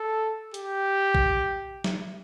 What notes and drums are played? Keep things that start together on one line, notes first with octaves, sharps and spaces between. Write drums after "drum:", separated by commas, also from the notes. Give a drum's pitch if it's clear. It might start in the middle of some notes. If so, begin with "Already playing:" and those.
Already playing: A4
G4, drum: hi-hat
drum: kick A1
drum: snare